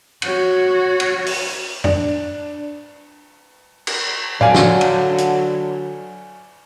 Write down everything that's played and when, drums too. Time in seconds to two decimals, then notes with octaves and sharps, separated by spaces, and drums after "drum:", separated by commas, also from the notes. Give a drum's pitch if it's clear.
0.22 F#4 C#5, drum: cymbal
1.00 drum: cymbal
1.26 drum: open hi-hat
1.84 D4, drum: tom F#2
3.87 drum: cymbal
4.41 D3 F#3 D5 F5 G#5, drum: tom A2
4.55 drum: snare
4.81 drum: cymbal
5.18 drum: hi-hat